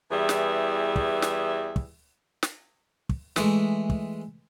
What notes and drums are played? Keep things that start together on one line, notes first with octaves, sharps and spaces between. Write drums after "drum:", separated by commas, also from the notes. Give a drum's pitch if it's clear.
E2 E3 G3 G#4 E5
drum: snare
drum: kick
drum: snare
drum: kick
drum: snare
drum: kick
E3 G#3 A3, drum: snare
drum: kick